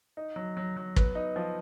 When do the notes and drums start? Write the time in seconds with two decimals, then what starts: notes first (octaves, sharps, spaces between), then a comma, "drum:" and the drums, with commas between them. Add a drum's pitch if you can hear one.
0.17 D#4
0.36 F#3
0.57 F#3
0.76 F#3
0.96 B3, drum: kick
1.15 D#4
1.36 F3